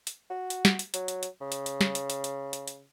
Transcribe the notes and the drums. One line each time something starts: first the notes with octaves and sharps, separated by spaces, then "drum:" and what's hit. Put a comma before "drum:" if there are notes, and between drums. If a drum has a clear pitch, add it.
drum: hi-hat
F#4
drum: hi-hat
drum: snare
drum: hi-hat
F#3, drum: hi-hat
drum: hi-hat
drum: hi-hat
C#3
drum: hi-hat
drum: hi-hat
drum: snare
drum: hi-hat
drum: hi-hat
drum: hi-hat
drum: hi-hat
drum: hi-hat